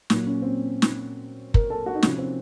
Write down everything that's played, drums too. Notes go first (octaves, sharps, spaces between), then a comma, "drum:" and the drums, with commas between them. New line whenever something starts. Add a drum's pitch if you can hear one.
A#2 F#3 A#3, drum: snare
C#4
C4
drum: snare
A#4, drum: kick
A4
F#4
D#4
C3 F3 C4 C#4, drum: snare
C4